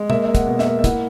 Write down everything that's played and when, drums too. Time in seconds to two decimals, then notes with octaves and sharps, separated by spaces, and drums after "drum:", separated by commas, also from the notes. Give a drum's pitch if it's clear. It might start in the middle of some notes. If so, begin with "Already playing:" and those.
Already playing: G#3
0.10 A#3 E5, drum: tom
0.24 A#3 E5
0.35 F#5, drum: kick, hi-hat
0.47 B2
0.59 E5, drum: snare
0.66 A#3
0.79 E5
0.84 E4 F#5, drum: kick, hi-hat